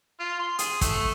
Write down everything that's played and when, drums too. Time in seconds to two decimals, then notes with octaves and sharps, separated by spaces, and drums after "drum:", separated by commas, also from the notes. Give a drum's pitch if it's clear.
0.20 F4
0.39 C6
0.59 G#4, drum: hi-hat
0.81 A3, drum: kick, hi-hat